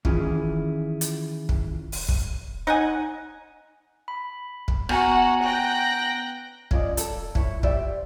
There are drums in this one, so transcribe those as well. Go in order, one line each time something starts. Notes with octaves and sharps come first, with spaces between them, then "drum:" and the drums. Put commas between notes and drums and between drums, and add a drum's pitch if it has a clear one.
D#3 E3 C#4 E4 F4 G#4, drum: kick
drum: hi-hat
drum: kick
drum: open hi-hat
drum: kick
D#4 F#5 G#5
B5
drum: kick
B3 F#4 F#5 G#5 A#5, drum: rim click
G5 F#6 A#6
C#4 F4 D5 D#5, drum: kick
A4, drum: hi-hat
E4 C#5, drum: kick
G4 C5 D5 E5, drum: kick